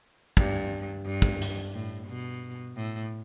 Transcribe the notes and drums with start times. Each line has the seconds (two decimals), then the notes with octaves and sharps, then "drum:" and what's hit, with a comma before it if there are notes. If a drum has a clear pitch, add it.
0.37 G2, drum: kick
1.06 G2
1.22 drum: kick
1.42 drum: hi-hat
1.74 A2
2.08 B2
2.76 A2